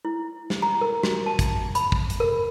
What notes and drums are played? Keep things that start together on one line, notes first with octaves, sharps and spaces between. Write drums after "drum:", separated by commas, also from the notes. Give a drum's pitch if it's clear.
E4
drum: snare
A#5
A#4
F#4, drum: snare
A5
drum: kick, hi-hat
B5, drum: hi-hat
drum: kick
drum: hi-hat
A#4